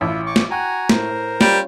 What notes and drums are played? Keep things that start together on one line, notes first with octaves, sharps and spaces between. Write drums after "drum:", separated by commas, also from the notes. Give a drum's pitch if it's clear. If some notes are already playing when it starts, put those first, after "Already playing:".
A1 F4 E5 B5
C#6 D6
drum: snare
F#4 G5 G#5 A#5 F#6
A2 A#4 C5, drum: snare
A2
G3 C#4 F4, drum: snare